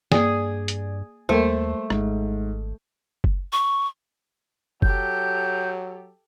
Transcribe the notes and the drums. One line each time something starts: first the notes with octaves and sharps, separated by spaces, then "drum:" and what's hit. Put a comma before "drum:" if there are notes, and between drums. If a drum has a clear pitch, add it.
G2 A#3 G#4 D5, drum: snare
drum: hi-hat
D#2 G3 A3 A#3 A#4 C5
G#1 G#2, drum: rim click
drum: kick F#1
C#6
F#3 G4 A4 G6, drum: kick F#1